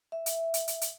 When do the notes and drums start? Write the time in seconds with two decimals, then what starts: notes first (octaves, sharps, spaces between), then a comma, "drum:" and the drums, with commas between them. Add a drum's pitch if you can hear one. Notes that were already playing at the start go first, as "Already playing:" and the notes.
0.12 E5
0.26 drum: hi-hat
0.54 drum: hi-hat
0.68 drum: hi-hat
0.81 drum: hi-hat